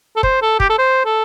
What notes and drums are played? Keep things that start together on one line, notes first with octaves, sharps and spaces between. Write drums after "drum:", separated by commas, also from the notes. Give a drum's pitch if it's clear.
A4
C5, drum: kick
A4
G4, drum: kick
A4
C5
A4